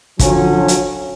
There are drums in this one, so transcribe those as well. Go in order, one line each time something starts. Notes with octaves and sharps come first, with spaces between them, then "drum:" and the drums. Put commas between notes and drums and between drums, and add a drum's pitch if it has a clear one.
D3 F3 F#3 C#4, drum: kick, hi-hat
drum: hi-hat